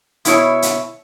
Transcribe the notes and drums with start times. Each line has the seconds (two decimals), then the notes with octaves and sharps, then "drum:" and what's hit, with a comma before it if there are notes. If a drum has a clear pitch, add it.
0.25 B2 E4 C#5, drum: hi-hat
0.62 drum: hi-hat